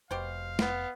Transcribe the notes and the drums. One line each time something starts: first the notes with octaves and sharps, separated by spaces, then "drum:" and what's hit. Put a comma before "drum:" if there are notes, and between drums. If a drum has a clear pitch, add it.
F1 B2 G4 C5 F5
B3, drum: snare